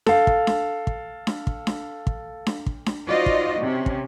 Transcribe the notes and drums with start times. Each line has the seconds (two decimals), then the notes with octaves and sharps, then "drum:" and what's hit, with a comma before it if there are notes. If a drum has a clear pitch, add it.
0.06 A4 F5, drum: snare D4
0.27 drum: kick
0.47 drum: snare D4
0.87 drum: kick
1.27 drum: snare D4
1.47 drum: kick
1.67 drum: snare D4
2.07 drum: kick
2.47 drum: snare D4
2.66 drum: kick
2.86 drum: snare D4
3.06 D#4 F4 F#4 C5 D5 D#5
3.26 drum: kick
3.60 C3 C#4
3.86 drum: kick